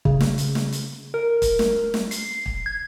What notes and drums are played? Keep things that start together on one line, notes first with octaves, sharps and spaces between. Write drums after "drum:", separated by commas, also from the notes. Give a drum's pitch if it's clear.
C#3, drum: kick
drum: snare
drum: hi-hat
drum: snare
drum: hi-hat
A#4
drum: kick, hi-hat
drum: snare
drum: snare
C7, drum: hi-hat
drum: kick
G#6